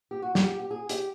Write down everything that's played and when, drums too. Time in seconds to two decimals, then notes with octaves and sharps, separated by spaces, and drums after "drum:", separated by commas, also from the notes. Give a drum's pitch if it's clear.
0.11 G4
0.22 F#4
0.35 G4, drum: snare
0.46 G4
0.60 G4
0.71 G#4
0.89 G4, drum: hi-hat